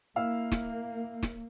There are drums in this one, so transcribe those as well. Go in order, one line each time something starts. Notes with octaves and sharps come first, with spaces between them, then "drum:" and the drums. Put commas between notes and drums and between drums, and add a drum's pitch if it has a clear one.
A#3 E4 F5 E6
drum: snare
drum: snare